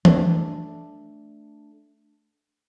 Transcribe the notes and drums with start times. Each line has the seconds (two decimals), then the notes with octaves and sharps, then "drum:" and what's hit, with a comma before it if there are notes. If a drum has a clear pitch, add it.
0.05 A3 D4, drum: tom E3